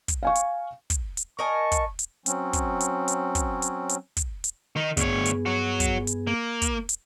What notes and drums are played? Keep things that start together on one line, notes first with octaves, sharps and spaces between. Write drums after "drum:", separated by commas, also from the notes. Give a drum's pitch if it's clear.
drum: kick, hi-hat
F5 G#5 C#6
drum: hi-hat
drum: kick, hi-hat
drum: hi-hat
A#4 D#5 G#5 A5 C#6
drum: kick, hi-hat
drum: hi-hat
F#3 C4 C#4, drum: hi-hat
drum: kick, hi-hat
drum: hi-hat
drum: hi-hat
drum: kick, hi-hat
drum: hi-hat
drum: hi-hat
drum: kick, hi-hat
drum: hi-hat
D#3 D#4
D2 G2 B3 G#4 C#5, drum: kick, hi-hat
drum: hi-hat
F#4 C#5
drum: kick, hi-hat
drum: hi-hat
A#3
drum: kick, hi-hat
drum: hi-hat